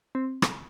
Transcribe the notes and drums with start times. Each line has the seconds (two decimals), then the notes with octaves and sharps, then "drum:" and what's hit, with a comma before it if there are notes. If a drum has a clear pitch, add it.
0.15 C4
0.42 drum: rim click